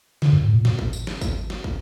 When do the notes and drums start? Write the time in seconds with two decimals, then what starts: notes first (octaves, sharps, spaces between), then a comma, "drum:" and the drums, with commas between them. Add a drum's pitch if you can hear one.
0.22 D3, drum: snare
0.33 G2
0.43 G#2
0.54 A#2
0.65 A#2, drum: snare
0.79 drum: kick
0.93 drum: tambourine
1.07 drum: snare
1.21 drum: kick, tambourine
1.50 drum: snare
1.64 drum: kick